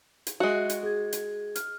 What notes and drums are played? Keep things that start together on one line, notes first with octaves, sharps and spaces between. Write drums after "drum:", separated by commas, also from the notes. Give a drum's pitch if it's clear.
drum: hi-hat
G#3 F#4 E5 F#6
drum: hi-hat
G#4 G#6
drum: hi-hat
F6, drum: hi-hat